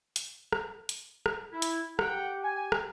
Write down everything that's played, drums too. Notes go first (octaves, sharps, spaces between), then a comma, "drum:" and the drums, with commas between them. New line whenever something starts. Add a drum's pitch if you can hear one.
drum: hi-hat
drum: rim click
drum: hi-hat
drum: rim click
E4
drum: hi-hat
G4 F#5 G5, drum: rim click
G#5
drum: rim click